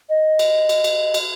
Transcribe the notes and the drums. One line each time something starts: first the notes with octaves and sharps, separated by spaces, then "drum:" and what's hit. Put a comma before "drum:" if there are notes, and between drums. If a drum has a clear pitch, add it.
D#5
drum: cymbal
drum: cymbal
drum: cymbal
drum: cymbal